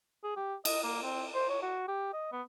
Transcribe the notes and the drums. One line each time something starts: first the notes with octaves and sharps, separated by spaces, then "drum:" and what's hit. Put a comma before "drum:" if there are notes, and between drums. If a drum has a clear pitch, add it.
G#4
G4
D#5, drum: cymbal
A#3
C4
C5
C#5
F#4
G4
D#5
B3